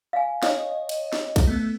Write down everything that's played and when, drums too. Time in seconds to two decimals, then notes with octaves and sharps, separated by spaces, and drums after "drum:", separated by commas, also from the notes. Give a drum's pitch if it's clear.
0.13 F5 G#5
0.43 C#5 D#5 F5, drum: snare
0.89 drum: cymbal
1.13 drum: snare
1.36 drum: kick, cymbal
1.47 A3 B3